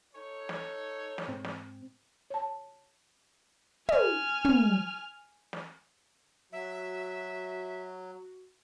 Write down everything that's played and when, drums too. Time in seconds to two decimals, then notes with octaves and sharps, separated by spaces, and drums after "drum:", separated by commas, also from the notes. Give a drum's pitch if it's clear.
0.14 D#4 A4 C#5
0.49 drum: snare
1.18 drum: snare
1.28 G#2 C4
1.45 drum: snare
2.30 C#5 A5
3.89 G#5 F6, drum: tom
4.45 drum: tom
5.53 drum: snare
6.52 F#3 F#4 E5